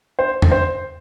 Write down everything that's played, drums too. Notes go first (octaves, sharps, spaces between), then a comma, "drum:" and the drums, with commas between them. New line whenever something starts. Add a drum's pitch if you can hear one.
C5
drum: tom
C5